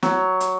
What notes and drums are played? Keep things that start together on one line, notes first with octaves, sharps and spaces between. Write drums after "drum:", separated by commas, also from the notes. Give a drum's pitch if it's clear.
F#3, drum: snare
drum: hi-hat